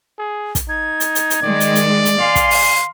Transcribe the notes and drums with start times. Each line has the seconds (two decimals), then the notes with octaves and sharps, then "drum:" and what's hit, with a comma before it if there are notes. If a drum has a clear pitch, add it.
0.18 G#4
0.55 drum: kick, hi-hat
0.69 D#4 G#6
1.00 drum: hi-hat
1.15 drum: hi-hat
1.30 drum: hi-hat
1.42 D#3 G#3 D5
1.60 drum: hi-hat
1.75 drum: hi-hat
2.05 drum: hi-hat
2.20 F5 G#5 C6
2.35 drum: kick, hi-hat
2.51 drum: open hi-hat